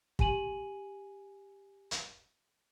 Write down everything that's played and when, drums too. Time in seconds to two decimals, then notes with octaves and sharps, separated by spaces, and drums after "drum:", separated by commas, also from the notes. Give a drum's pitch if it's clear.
0.19 G4 G#5 D#7 F#7, drum: kick
1.91 drum: hi-hat